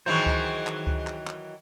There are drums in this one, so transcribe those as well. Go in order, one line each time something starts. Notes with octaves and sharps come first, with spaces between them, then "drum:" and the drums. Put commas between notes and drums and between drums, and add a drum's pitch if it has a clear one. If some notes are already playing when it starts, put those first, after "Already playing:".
D#3 E3 F#3 G#4 C5
drum: kick C#2
drum: clap
drum: kick C#2
drum: clap
drum: clap